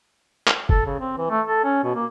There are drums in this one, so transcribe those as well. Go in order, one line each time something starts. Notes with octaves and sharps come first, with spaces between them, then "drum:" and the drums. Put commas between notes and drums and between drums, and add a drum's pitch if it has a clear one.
drum: clap
A4, drum: kick F1
C#3
C4
E3
A3
A4
C#4
B2
A#3